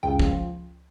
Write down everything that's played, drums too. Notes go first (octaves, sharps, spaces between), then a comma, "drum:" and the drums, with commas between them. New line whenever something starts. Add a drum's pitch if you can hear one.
C#2 G5
F3, drum: kick